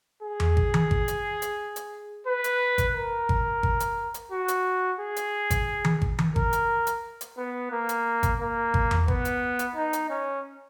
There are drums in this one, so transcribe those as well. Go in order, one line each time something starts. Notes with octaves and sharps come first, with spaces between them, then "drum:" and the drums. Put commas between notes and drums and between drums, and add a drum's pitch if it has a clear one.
G#4
drum: tom E2
drum: kick G#1
drum: tom D#3
drum: kick G#1
drum: hi-hat
drum: hi-hat
drum: hi-hat
B4
drum: hi-hat
drum: kick G#1, hi-hat
A#4
drum: kick G#1
drum: kick G#1
drum: hi-hat
drum: hi-hat
F#4
drum: hi-hat
G#4
drum: hi-hat
drum: kick G#1, hi-hat
drum: tom D#3
drum: kick G#1
drum: tom D#3
A#4, drum: kick G#1
drum: hi-hat
drum: hi-hat
drum: hi-hat
B3
A#3
drum: hi-hat
drum: kick G#1, hi-hat
A#3
drum: kick G#1
drum: tom E2
B3, drum: kick G#1
drum: hi-hat
drum: hi-hat
D#4
drum: hi-hat
C#4